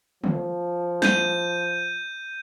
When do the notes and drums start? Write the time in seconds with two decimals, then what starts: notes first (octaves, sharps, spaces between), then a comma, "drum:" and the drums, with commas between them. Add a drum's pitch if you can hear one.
0.24 F3, drum: tom D3
1.02 G6 D#7, drum: snare